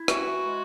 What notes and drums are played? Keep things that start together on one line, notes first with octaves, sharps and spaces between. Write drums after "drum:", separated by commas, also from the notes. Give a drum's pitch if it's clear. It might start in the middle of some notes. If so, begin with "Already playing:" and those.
Already playing: E4
E3 F#4, drum: rim click
E3
G#3